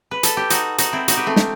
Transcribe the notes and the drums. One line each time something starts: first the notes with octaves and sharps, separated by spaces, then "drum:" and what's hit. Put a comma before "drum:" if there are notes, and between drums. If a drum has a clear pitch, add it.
B4
A4, drum: hi-hat
G4
D#4 F#4, drum: hi-hat
D#4 F#4, drum: hi-hat
C4 E4
D#4 F#4, drum: hi-hat
G4 B4
A3 C4
drum: snare